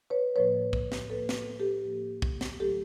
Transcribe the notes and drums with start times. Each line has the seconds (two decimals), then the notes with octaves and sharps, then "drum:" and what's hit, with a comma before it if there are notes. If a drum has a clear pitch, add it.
0.10 B4 C#5
0.36 A2 F3 A#3 B4 C#5
0.73 drum: kick
0.92 drum: snare
1.10 A2 F3 A#3 A4 B4
1.29 drum: snare
1.60 G4 A4
1.85 A2 F3 A#3
2.22 drum: kick
2.41 drum: snare
2.59 D3 F#3 A3 G4 A4